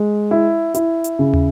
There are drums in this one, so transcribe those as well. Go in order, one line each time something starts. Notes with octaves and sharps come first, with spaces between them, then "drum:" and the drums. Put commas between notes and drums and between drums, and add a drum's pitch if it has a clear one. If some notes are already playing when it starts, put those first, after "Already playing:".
Already playing: G#3
E4
E4, drum: hi-hat
drum: hi-hat
C#3
drum: tom